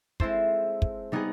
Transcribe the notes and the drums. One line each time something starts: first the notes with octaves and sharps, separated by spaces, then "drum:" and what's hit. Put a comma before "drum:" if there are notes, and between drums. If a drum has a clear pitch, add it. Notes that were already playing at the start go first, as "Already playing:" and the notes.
G#3 C4 E4 A4 C5, drum: kick
drum: kick
G3 B3 D#4 G#4